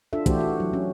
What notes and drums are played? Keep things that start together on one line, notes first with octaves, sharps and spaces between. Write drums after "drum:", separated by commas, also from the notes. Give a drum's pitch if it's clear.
D4 F4 A4 E5
E3 A3 D4 F#4 G4 C5, drum: kick, hi-hat
F#4
F#3
C#4